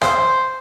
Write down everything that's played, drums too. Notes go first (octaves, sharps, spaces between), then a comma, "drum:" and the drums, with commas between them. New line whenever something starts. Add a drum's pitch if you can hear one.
C5, drum: rim click